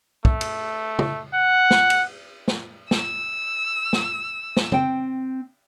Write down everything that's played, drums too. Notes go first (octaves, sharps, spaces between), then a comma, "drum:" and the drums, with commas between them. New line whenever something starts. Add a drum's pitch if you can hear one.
A3, drum: kick
drum: cymbal
drum: tom
F#5
drum: snare
drum: cymbal
drum: snare
E6, drum: snare
drum: snare
drum: snare
C4 G5, drum: tom